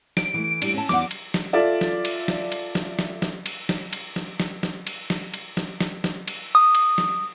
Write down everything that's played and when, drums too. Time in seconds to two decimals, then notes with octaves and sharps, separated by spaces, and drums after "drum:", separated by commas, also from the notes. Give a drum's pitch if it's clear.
0.17 D7, drum: snare
0.34 E3 A3
0.62 G3 D4, drum: cymbal
0.74 C#4 A5
0.89 E2 F#5 D6, drum: snare
1.11 drum: cymbal
1.34 drum: snare
1.53 F4 A4 D5 E5
1.81 drum: snare
2.05 drum: cymbal
2.28 drum: snare
2.52 drum: cymbal
2.75 drum: snare
2.99 drum: snare
3.22 drum: snare
3.46 drum: cymbal
3.69 drum: snare
3.93 drum: cymbal
4.16 drum: snare
4.40 drum: snare
4.63 drum: snare
4.87 drum: cymbal
5.10 drum: snare
5.34 drum: cymbal
5.57 drum: snare
5.81 drum: snare
6.04 drum: snare
6.28 drum: cymbal
6.55 D#6
6.74 drum: cymbal
6.98 drum: snare